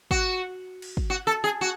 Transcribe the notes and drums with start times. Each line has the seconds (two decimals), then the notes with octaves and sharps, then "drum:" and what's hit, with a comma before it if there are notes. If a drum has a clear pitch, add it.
0.11 F#4, drum: kick
0.82 drum: cymbal
0.97 drum: kick
1.10 F#4
1.27 A4
1.44 G#4
1.61 F#4